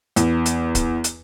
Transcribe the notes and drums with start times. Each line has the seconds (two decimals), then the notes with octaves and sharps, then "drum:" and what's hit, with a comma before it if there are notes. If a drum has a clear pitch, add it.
0.16 E2, drum: hi-hat
0.46 drum: hi-hat
0.75 drum: kick C#1, hi-hat
1.04 drum: hi-hat